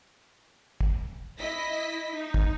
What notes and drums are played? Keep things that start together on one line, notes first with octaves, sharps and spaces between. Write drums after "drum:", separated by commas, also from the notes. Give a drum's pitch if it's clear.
drum: kick
E4 D#5 B6
D#4
drum: kick